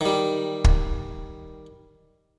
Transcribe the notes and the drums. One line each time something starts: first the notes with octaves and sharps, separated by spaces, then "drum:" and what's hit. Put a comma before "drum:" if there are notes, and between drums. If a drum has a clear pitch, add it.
D#3 G3
drum: kick